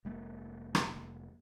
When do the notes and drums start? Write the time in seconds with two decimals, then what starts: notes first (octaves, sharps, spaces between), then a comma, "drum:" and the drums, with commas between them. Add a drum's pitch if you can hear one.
0.05 F1 G#3 A#3
0.75 drum: rim click